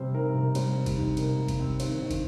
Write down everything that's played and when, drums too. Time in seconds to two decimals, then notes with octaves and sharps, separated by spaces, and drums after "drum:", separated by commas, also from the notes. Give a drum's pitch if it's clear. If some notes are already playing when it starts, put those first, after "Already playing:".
Already playing: C3 G3 C4 C5
0.14 D#4 A#4
0.34 C3 A#4
0.55 G3 C5, drum: cymbal
0.75 C4
0.86 drum: kick, cymbal
0.97 D#4
1.17 C3 A#4, drum: cymbal
1.38 G3
1.48 drum: kick, cymbal
1.59 C4
1.80 D#3 C5, drum: cymbal
2.01 D#3
2.11 drum: kick, cymbal